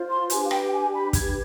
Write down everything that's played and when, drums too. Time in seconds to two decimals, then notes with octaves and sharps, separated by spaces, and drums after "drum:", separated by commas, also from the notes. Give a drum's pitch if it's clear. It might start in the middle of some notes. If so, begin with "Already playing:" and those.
Already playing: F4 C5
0.09 C6
0.30 D4 G4 B4 G#5, drum: hi-hat
0.45 F5
0.51 G5, drum: rim click
0.65 G5
0.72 G#5
0.93 B5
1.13 G#6, drum: kick, hi-hat